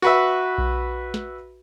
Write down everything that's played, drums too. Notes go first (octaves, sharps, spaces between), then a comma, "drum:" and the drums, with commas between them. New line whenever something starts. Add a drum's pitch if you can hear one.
F#4 B4 E5
drum: kick B1
drum: snare